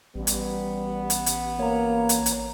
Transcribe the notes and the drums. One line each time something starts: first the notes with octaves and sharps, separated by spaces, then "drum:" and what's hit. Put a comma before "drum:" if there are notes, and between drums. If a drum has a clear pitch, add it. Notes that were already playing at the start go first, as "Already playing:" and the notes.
A1 G3 B3
drum: hi-hat
drum: hi-hat
drum: hi-hat
A#3 C#5 A#5
drum: hi-hat
drum: hi-hat